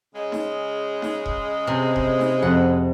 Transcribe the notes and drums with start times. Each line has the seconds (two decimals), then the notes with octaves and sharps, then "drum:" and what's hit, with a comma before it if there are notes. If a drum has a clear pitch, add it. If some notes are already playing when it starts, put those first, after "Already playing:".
0.14 C#3 G#3
0.32 drum: snare D#4
1.02 drum: snare D#4
1.26 drum: kick E1
1.67 C3
1.96 drum: kick E1
2.19 drum: snare D#4
2.42 F2 F#5